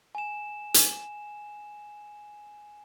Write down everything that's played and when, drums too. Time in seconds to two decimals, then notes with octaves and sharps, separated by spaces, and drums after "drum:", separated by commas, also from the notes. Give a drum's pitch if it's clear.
0.15 G#5 E7
0.74 drum: hi-hat